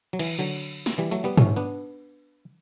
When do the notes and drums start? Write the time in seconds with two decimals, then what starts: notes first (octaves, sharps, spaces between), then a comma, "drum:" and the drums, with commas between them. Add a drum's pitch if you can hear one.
0.13 F#3
0.19 E3, drum: cymbal
0.39 D3 F#3
0.86 drum: snare
0.98 E3 G3
1.11 F#3 A3, drum: hi-hat
1.24 G3 B3
1.38 A3 C#4, drum: tom G#2
1.56 B3 D4